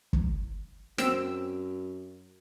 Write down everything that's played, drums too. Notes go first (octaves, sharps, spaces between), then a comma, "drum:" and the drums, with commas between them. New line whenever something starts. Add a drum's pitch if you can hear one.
drum: kick
F#2 C4 E6 D7, drum: snare